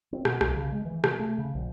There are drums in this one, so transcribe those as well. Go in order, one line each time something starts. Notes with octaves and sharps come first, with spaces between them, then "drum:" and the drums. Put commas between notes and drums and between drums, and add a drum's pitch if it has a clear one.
C4
B2, drum: rim click
B1, drum: rim click
C#3
G#3
E3
C3, drum: rim click
A3
C#3
A#1